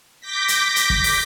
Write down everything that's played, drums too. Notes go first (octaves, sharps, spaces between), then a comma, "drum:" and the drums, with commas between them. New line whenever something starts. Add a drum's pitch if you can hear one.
D6 G6 A#6 B6
drum: hi-hat
drum: hi-hat
drum: kick
drum: open hi-hat